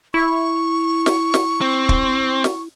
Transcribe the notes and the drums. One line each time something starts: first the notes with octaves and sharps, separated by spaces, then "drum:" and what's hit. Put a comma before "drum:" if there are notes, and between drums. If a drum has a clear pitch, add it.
E4 C#6
drum: snare
drum: snare
C4
drum: kick
drum: snare